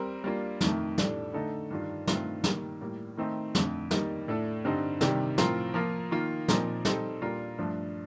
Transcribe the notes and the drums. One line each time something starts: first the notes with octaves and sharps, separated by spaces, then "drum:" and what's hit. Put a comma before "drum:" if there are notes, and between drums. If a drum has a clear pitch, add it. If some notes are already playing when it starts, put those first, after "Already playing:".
Already playing: G3 C4 A#4
G3 A#3 D4 F4
F2 D#3 A3, drum: snare
A2 G3 D4 A4, drum: snare
D3 A3 D#4 A4
G2 D#3 G3 D4 F4
G2 D#3 A3 C4 F4, drum: snare
D#3 G3 A#3, drum: snare
A2 G3 A#3
D#3 A3 C4 D#4
F2 D3 A3, drum: snare
D#3 G3 A#3 D#4, drum: snare
A2 A3 D4 A4
G2 D3 G3 C4 D#4
C3 D#3 G3 D4 G4, drum: snare
A2 F3 C4 F4 A#4, drum: snare
F3 A#3 F4 A#4
D#3 A#3 F4
A#2 F3 C4 D#4 A#4, drum: snare
G3 C4 D#4 A4, drum: snare
A#2 G3 D4 F4 A#4
G2 F3 A3 D4